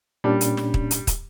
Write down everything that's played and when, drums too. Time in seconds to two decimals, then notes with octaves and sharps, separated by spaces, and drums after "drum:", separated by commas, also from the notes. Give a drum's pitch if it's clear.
0.24 A#2 G3 C#4 D4
0.41 drum: hi-hat
0.57 drum: snare
0.74 drum: kick
0.91 drum: hi-hat
1.07 drum: kick, hi-hat